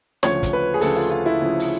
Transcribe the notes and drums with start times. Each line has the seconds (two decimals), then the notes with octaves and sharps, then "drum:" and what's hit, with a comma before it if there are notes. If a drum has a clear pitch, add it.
0.23 D2 C#3 F3 C#5, drum: snare
0.43 drum: kick, hi-hat
0.53 B4
0.74 G#4
0.81 D2 C#3 F3 A4, drum: open hi-hat
0.96 F4
1.11 F4
1.26 E4
1.41 D2 C#3 F3
1.59 drum: open hi-hat